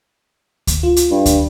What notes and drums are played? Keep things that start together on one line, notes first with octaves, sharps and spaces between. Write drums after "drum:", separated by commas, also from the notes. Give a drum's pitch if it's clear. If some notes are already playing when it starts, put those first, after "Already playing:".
drum: kick D2, hi-hat
F4
drum: hi-hat
G2
drum: kick D2, hi-hat